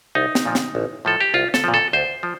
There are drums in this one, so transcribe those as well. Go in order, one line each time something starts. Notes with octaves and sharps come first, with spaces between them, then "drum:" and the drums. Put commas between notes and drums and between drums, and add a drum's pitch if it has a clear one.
C2 D#4
drum: snare
A#2 F3
drum: snare
A1
A2 F3 A4
G4
C2 F4
A4, drum: snare
A#2 F3
A4
D2 C5
F3